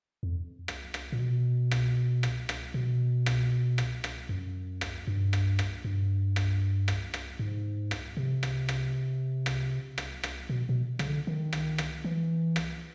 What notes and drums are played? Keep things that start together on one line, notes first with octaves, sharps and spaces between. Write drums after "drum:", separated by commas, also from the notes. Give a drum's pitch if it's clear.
F2
drum: rim click
drum: rim click
A#2
B2
drum: rim click
drum: rim click
drum: rim click
B2
drum: rim click
drum: rim click
drum: rim click
F#2
drum: rim click
G2
drum: rim click
drum: rim click
G2
drum: rim click
drum: rim click
drum: rim click
G#2
drum: rim click
C3
drum: rim click
drum: rim click
drum: rim click
drum: rim click
drum: rim click
B2
B2
C#3, drum: rim click
D3
D#3
drum: rim click
drum: rim click
E3
drum: rim click